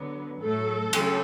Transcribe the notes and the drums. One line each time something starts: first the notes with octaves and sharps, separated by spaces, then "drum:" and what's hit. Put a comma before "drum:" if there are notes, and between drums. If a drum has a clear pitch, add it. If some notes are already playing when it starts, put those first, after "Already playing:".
Already playing: D3 F#3 B3
A2 F#3 A3 A4
C#3 F#3, drum: cymbal